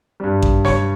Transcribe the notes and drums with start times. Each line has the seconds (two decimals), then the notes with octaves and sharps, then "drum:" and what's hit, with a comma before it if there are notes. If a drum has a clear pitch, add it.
0.20 G2 G3
0.42 drum: kick A1
0.65 C#5 C#6, drum: snare